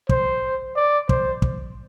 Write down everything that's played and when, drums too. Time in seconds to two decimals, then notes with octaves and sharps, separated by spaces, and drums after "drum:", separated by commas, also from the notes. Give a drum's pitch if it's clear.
0.09 C5, drum: kick
0.76 D5
1.09 C5, drum: kick
1.42 drum: kick